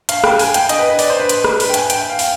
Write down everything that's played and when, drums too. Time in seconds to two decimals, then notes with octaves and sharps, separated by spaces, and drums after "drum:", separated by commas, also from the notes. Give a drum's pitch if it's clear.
0.09 F5, drum: hi-hat
0.24 G5, drum: rim click
0.39 G#5, drum: open hi-hat
0.54 G5, drum: hi-hat
0.69 D#5, drum: hi-hat
0.79 B4
0.90 B4
0.99 D5, drum: open hi-hat
1.10 C5
1.20 B4
1.29 drum: hi-hat
1.44 drum: rim click
1.60 B4, drum: open hi-hat
1.69 G5
1.74 G#5, drum: hi-hat
1.90 G5, drum: hi-hat
2.10 F5
2.19 G5, drum: open hi-hat